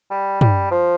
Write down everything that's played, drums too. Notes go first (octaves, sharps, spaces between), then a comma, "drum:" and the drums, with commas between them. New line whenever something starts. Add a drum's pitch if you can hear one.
G3
G3, drum: tom
F3